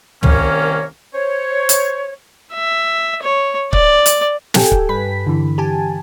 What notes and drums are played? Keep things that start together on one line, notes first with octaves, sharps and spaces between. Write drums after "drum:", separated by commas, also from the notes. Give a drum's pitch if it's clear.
C2 D#3 A#3 C#4 C#5, drum: tom
C5 C#5
drum: hi-hat
E5
C#5
D5, drum: kick C#1
drum: hi-hat
G4 A4 G5 G#5, drum: snare
drum: kick C#1
G2 B4 B6
D3 E3
G4 G#5 A5